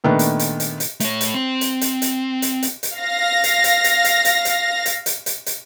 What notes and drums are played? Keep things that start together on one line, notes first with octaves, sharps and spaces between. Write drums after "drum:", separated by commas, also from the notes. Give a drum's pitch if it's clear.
A#2 D#3 A3 B3 D4
drum: hi-hat
drum: hi-hat
drum: hi-hat
drum: hi-hat
A3 C#5, drum: hi-hat
drum: hi-hat
C4
drum: hi-hat
drum: hi-hat
drum: hi-hat
drum: hi-hat
drum: hi-hat
drum: hi-hat
F5 A#6
drum: hi-hat
drum: hi-hat
drum: hi-hat
drum: hi-hat
drum: hi-hat
drum: hi-hat
drum: hi-hat
drum: hi-hat
drum: hi-hat
drum: hi-hat